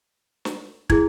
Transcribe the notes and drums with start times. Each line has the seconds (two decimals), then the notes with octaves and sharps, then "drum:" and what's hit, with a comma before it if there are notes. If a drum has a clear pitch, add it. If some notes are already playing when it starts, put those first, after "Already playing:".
0.45 drum: snare
0.90 E4 G#4 G#6, drum: kick